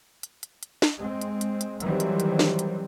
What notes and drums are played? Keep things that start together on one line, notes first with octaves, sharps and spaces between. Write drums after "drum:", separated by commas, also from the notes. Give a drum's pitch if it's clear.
drum: hi-hat
drum: hi-hat
drum: hi-hat
drum: snare
G#3 C4
drum: hi-hat
drum: hi-hat
drum: hi-hat
D#3 E3 F#3 G3 C4, drum: hi-hat
drum: hi-hat
drum: hi-hat
drum: snare
drum: hi-hat